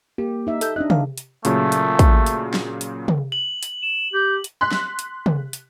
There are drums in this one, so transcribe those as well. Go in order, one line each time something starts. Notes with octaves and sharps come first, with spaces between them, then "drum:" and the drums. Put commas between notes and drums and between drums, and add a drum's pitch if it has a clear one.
A#3 G4
D#4 E5
A4 E6 G6, drum: hi-hat
D4 D#4 D#5 F#6
F5, drum: tom
drum: hi-hat
A#2 C#3 F#3 A3, drum: hi-hat
drum: hi-hat
drum: kick, hi-hat
drum: hi-hat
drum: snare
drum: hi-hat
drum: tom
F#7
drum: hi-hat
E7
G4 G6
drum: hi-hat
C6 F#6 B6
drum: snare
drum: hi-hat
drum: tom
drum: hi-hat